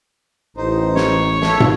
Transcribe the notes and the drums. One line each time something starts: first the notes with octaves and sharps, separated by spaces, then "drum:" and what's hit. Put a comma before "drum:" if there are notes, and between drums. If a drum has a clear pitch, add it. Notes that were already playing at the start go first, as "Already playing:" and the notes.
A1 D#4 C5
C#5, drum: snare
A4 E5, drum: snare
drum: tom